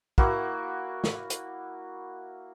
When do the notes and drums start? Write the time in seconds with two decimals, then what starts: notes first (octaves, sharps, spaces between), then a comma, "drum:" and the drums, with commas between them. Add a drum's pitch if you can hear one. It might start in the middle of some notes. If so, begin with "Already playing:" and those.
0.18 A#3 E4 F#4, drum: kick
1.04 drum: snare
1.30 drum: hi-hat